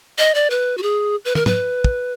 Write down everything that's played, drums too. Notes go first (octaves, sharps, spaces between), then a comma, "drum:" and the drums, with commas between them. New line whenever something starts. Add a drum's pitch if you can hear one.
D#5
D5
B4
F#4
G#4
B4
A#4, drum: tom
B4, drum: tom
drum: kick